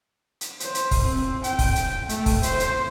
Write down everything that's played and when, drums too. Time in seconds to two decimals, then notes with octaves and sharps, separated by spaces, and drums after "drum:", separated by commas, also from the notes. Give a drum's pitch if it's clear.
0.41 drum: hi-hat
0.60 C5, drum: hi-hat
0.75 drum: hi-hat
0.91 drum: kick, open hi-hat
1.03 C4
1.44 G5, drum: hi-hat
1.59 drum: kick, open hi-hat
1.76 drum: hi-hat
2.09 A3, drum: hi-hat
2.26 drum: kick, open hi-hat
2.43 C5, drum: hi-hat
2.60 drum: hi-hat